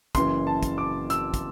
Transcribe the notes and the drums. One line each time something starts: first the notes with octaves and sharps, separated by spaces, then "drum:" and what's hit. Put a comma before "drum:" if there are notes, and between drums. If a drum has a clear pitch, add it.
F#1 F#2 E3 C6, drum: kick, hi-hat
A5
drum: kick, hi-hat
D6
E6, drum: hi-hat
drum: kick, hi-hat